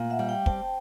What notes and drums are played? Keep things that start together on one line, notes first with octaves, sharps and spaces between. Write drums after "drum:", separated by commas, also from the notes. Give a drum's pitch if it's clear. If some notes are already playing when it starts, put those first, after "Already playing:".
Already playing: A#2
E5 F#5
G3
F5 G5
C4 G5 A5, drum: kick